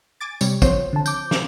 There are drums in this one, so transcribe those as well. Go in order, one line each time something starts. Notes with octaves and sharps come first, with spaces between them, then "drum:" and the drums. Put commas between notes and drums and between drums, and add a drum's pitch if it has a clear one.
G#5 D6 A6
C3 G3 C#5, drum: tambourine
F3 C4 C5 C#5, drum: kick, tambourine
D3 A5
D6 G6, drum: tambourine
drum: snare